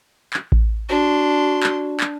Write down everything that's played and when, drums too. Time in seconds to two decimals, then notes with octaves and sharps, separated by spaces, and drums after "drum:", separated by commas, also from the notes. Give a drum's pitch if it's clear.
0.33 drum: clap
0.52 drum: kick A1
0.89 D4 F#4 C6
1.63 drum: clap
2.00 drum: clap